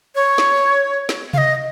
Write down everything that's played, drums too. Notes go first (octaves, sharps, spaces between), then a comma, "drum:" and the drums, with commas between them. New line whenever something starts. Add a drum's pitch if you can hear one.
C#5
drum: snare
drum: snare
F5, drum: tom C3
D#5